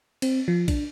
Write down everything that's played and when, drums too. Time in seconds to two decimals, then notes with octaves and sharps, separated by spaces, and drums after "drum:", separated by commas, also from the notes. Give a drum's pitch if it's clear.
0.22 C4, drum: cymbal
0.48 F3
0.68 D4, drum: kick A#1, cymbal